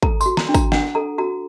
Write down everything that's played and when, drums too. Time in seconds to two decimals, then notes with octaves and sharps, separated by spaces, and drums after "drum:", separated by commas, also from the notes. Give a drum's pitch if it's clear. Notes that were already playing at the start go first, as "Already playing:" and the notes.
0.03 A4 A#5, drum: kick
0.21 C6, drum: tambourine
0.26 F#4
0.37 A#5, drum: snare
0.49 D4
0.54 A#5, drum: kick, tambourine
0.72 D4 F#5, drum: snare
0.95 A4 A#5
1.18 F#4 A#5